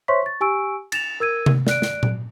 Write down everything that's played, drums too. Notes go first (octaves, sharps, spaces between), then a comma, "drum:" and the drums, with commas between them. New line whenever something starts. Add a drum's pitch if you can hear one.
C5 C#5 E5 C6 C#6 B6
C#6 A6
G4 G#5 C#6 E6 D7
A6 E7 F7, drum: cymbal
A#4 E6 G#6 D#7
drum: tom C3
D5 F#6 D7, drum: snare
drum: snare
drum: tom A#2